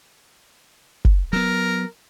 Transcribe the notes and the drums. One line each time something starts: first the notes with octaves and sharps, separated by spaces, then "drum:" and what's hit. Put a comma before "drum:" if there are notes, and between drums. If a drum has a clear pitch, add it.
drum: kick
F#3 B3 A#4